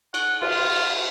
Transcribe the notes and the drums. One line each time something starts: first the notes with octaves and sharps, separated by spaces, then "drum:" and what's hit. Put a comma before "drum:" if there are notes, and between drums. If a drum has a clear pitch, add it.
F#5, drum: cymbal
F4, drum: cymbal